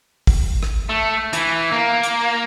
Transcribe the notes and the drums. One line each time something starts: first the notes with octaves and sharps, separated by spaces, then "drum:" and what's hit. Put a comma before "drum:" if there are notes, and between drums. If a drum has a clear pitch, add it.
drum: kick, open hi-hat
drum: rim click
A3
E3, drum: hi-hat
A#3
drum: hi-hat